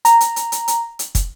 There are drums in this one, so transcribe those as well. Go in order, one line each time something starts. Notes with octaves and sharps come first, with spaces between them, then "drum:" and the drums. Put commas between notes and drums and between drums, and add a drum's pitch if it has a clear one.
A#5, drum: hi-hat
drum: hi-hat
drum: hi-hat
drum: hi-hat
drum: hi-hat
drum: hi-hat
drum: kick, hi-hat